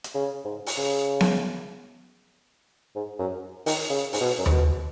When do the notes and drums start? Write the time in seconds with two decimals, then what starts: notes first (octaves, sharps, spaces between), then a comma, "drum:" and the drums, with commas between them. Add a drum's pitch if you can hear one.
0.04 drum: hi-hat
0.15 C#3
0.45 G#2
0.66 drum: open hi-hat
0.77 C#3
1.21 drum: snare B3
2.96 G#2
3.19 F#2
3.66 D#3, drum: open hi-hat
3.90 C#3
4.13 G#2, drum: open hi-hat
4.21 B2
4.38 F#2
4.46 G#2, drum: tom D#2
4.52 B2